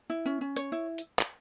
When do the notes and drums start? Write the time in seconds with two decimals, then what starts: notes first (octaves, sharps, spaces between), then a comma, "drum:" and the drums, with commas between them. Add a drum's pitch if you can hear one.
0.10 E4
0.26 C#4
0.41 C#4
0.56 C#5, drum: hi-hat
0.72 E4
0.98 drum: hi-hat
1.19 drum: clap